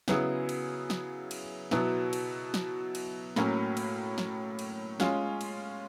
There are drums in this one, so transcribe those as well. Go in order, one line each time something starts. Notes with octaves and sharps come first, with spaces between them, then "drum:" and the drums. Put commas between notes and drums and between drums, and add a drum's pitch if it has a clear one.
C#3 F#3 B3 E4 G#4, drum: snare
drum: cymbal
drum: snare
drum: cymbal
B2 F#3 B3 E4, drum: snare
drum: cymbal
drum: snare
drum: cymbal
A2 F#3 A#3 C#4, drum: snare
drum: cymbal
drum: snare
drum: cymbal
G#3 C#4 F4, drum: snare
drum: cymbal